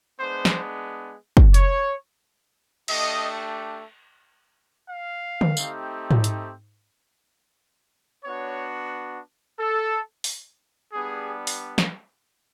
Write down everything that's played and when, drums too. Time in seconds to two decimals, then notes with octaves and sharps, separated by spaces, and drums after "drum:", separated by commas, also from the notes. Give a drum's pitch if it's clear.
0.20 G#3 B3 D4 C5
0.45 drum: snare
1.37 drum: kick
1.54 C#5, drum: hi-hat
2.88 A3 D4 G4 D#5, drum: cymbal
4.90 F5
5.41 drum: tom D3
5.57 A3 C4 D#4 G4, drum: tambourine
6.11 drum: tom G#2
6.24 drum: hi-hat
8.25 B3 D4 F#4 C#5
9.59 A4
10.24 drum: open hi-hat
10.93 G3 B3 D4 G#4
11.47 drum: open hi-hat
11.78 drum: snare